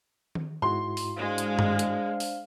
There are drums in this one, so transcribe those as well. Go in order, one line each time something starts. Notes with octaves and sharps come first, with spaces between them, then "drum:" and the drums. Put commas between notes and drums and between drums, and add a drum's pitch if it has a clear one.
drum: tom D#3
G#2 E4 F#4 C6
drum: open hi-hat
G#3 D4 C5 F5
drum: hi-hat
drum: tom G2
drum: hi-hat
drum: open hi-hat